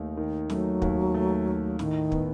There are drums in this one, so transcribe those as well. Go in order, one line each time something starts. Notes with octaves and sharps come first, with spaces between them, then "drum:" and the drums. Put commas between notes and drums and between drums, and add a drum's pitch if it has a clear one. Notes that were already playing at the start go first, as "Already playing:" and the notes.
Already playing: D#2 A3 D#4
D#3
F#3 A3, drum: snare
D#2, drum: kick
A3
A3
A2 D#3, drum: snare
B3, drum: kick